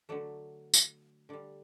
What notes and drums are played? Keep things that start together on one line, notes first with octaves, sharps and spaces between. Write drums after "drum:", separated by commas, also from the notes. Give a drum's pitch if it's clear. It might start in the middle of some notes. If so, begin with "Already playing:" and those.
D3 F#3 A3 D5
drum: tambourine
D3 G3 D5